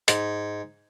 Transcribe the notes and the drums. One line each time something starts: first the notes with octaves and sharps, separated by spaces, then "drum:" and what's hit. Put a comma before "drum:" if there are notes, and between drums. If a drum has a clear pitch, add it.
G#2, drum: hi-hat